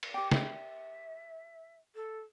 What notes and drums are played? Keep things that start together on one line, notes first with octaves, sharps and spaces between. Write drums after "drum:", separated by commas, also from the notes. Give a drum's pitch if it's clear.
drum: cymbal
G4 G5 D6
E5, drum: snare
A4